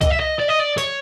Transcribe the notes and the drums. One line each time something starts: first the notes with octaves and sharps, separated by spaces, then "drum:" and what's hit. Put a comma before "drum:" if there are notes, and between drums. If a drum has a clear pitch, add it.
D#5, drum: kick C2, hi-hat
E5
D#5
D5
D#5
D5
C#5, drum: hi-hat